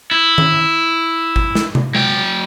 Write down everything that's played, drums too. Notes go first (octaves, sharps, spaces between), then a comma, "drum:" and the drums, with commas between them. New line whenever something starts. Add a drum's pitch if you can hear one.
E4
drum: tom D#3
drum: kick G#1
drum: snare
drum: tom
F#3 G5, drum: tom G#3